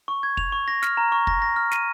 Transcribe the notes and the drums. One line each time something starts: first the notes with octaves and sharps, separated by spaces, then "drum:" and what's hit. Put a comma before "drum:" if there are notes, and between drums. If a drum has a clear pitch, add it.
C#6
G#6
F7, drum: kick
C#6
A#6
F6, drum: snare
A#5
C#6
A#6, drum: kick
A#6
F6
D#7, drum: snare